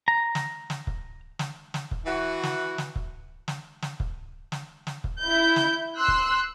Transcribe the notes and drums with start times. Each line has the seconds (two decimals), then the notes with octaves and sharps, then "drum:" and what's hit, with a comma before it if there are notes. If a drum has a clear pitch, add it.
0.08 A#5
0.35 drum: snare
0.70 drum: snare
0.87 drum: kick
1.39 drum: snare
1.74 drum: snare
1.91 drum: kick
2.06 E3 E4 F#4
2.43 drum: snare
2.78 drum: snare
2.96 drum: kick
3.48 drum: snare
3.82 drum: snare
4.00 drum: kick
4.52 drum: snare
4.87 drum: snare
5.04 drum: kick
5.21 E4 G6
5.56 drum: snare
5.95 C6 E6 F#6
6.08 drum: kick